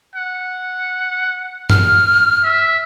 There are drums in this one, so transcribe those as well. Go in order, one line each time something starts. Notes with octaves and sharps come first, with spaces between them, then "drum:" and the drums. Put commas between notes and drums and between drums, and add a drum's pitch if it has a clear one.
F#5
F6, drum: tom G2
E5